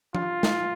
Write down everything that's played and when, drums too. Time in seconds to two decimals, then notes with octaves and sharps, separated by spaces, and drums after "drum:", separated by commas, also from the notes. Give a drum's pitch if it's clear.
0.15 F4, drum: tom F3
0.43 drum: snare